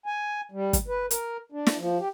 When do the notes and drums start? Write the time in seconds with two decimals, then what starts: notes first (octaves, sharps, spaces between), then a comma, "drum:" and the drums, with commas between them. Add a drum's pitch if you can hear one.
0.06 G#5
0.52 G3
0.73 drum: kick, hi-hat
0.88 B4
1.11 A#4, drum: hi-hat
1.52 D4
1.67 drum: snare
1.78 F3
1.99 G4